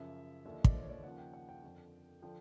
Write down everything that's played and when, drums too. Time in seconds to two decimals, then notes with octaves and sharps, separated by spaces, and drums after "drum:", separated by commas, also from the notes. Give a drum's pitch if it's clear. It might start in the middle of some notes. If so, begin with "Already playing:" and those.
Already playing: F#2 C#3 F3 E5
0.45 D#2 D3 F3 E5
0.54 D#5
0.64 D5, drum: kick
0.75 C5
0.83 C#5
0.89 D5
1.04 D#2 C#3 F3 F#5
1.18 G5
1.34 F#5
1.49 G5
1.64 F2 D3 F3
2.22 D3 F3 G5